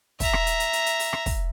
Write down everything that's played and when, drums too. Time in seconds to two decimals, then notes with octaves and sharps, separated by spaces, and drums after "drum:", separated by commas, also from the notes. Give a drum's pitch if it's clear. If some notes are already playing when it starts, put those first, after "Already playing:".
0.20 E5 A#5, drum: kick, open hi-hat
0.33 drum: rim click
0.47 drum: hi-hat
0.60 drum: hi-hat
0.73 drum: hi-hat
0.86 drum: hi-hat
1.00 drum: open hi-hat
1.13 drum: rim click
1.26 drum: kick, open hi-hat